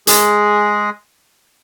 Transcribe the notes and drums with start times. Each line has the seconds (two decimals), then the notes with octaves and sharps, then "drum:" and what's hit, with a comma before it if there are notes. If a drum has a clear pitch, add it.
0.07 G#3 G#4, drum: hi-hat